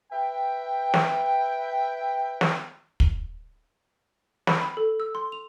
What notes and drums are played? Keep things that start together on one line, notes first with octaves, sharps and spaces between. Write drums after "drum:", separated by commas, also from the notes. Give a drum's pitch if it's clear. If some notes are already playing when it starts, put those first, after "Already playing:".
B4 E5 G5
drum: snare
drum: snare
drum: kick
B5, drum: snare
B5
A4
E6
C6
F7